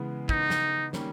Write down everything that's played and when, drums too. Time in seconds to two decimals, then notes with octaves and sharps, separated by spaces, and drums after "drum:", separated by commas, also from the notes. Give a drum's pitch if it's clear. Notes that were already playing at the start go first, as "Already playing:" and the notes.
Already playing: C#3 E3 G#3 B3
0.29 D#4, drum: kick
0.50 drum: snare
0.93 D#3 G3 A#3 C#4, drum: snare